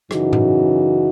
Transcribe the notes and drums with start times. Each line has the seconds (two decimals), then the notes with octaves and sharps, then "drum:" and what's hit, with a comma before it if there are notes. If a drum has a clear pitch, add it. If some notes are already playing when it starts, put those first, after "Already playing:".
0.11 F#2 C#3 E3 D#4 F#4, drum: rim click
0.33 drum: tom A2